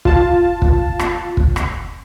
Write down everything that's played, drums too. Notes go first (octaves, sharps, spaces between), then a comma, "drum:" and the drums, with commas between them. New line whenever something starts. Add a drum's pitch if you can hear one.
F4 A5, drum: kick
drum: kick
drum: rim click
drum: kick
drum: rim click